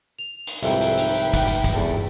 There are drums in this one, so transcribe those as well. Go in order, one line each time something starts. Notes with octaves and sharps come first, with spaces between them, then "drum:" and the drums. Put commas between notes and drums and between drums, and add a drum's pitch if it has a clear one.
F7
drum: hi-hat
C2 F2 G#2 A4 B4 E5 G5, drum: hi-hat
drum: hi-hat
D#4, drum: hi-hat
drum: hi-hat
F#5, drum: kick, hi-hat
drum: hi-hat
drum: kick, hi-hat
E2 A4